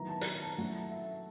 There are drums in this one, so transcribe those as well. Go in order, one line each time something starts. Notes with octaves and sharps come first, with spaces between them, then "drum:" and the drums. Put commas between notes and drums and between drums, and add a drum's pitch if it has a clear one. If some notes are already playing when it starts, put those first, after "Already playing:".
Already playing: D#3 F#3 B3 E4 A#5
A5
drum: hi-hat
A5
F#3 A3 C#4 E4
E5